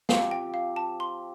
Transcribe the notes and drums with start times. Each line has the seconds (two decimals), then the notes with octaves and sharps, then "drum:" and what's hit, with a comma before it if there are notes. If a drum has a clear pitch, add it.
0.09 F3 C4 G4 F5, drum: snare
0.31 G5
0.54 F5
0.76 A5
1.00 C6